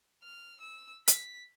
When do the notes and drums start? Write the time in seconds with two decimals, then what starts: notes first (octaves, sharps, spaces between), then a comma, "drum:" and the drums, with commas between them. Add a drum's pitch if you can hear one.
0.23 F6
0.61 E6
1.08 B6, drum: hi-hat